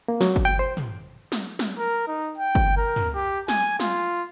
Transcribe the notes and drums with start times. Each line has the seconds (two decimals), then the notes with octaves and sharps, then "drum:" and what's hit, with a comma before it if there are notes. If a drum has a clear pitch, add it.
0.08 A#3
0.21 F#3, drum: snare
0.36 drum: kick G1
0.45 G5
0.59 C5
0.77 drum: tom
1.32 drum: snare
1.59 drum: snare
1.78 A#4
2.08 D#4
2.38 G5
2.55 drum: kick G1
2.77 A#4
2.96 drum: tom
3.14 G4
3.48 G#5, drum: snare
3.80 F4, drum: snare